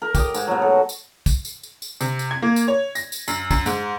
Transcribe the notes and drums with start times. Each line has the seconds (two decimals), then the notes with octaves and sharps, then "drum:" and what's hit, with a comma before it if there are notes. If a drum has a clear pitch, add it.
0.02 A#4
0.15 G4 D#5, drum: kick, tambourine
0.34 G#2, drum: tambourine
0.47 B2 F#3
0.62 A4
0.89 drum: tambourine
1.26 drum: kick, tambourine
1.45 drum: tambourine
1.63 drum: tambourine
1.82 drum: tambourine
2.01 C3, drum: tambourine
2.19 drum: tambourine
2.31 G#6
2.42 A#3
2.56 drum: tambourine
2.68 C#5
2.95 A#6, drum: tambourine
3.12 drum: tambourine
3.28 F#2, drum: tambourine
3.51 F#2, drum: kick, tambourine
3.66 G#2, drum: tambourine